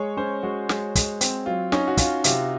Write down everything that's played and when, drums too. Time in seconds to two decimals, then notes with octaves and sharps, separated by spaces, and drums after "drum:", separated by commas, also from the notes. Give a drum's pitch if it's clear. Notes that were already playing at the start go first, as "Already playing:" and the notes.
Already playing: G#3 C#5
0.17 C#4 C5
0.43 G#3 F#4
0.69 G#3, drum: snare
0.95 G#3, drum: kick, hi-hat
1.21 C4, drum: hi-hat
1.46 F#3 F4
1.72 C#4 D#4, drum: snare
1.87 F#4
1.97 C#4 F4, drum: kick, hi-hat
2.24 C3 F4, drum: hi-hat